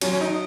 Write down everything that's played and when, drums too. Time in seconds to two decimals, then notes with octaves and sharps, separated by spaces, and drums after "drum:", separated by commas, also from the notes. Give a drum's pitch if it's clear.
0.01 F#3 C#4, drum: cymbal
0.13 C#4
0.21 D#4